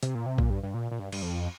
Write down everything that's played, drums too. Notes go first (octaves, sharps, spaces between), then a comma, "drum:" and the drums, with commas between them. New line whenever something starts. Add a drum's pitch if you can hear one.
C3, drum: hi-hat
A#2
C3
A#2, drum: kick A#1
G2
G2
A#2
A#2
G2
G2, drum: cymbal
F2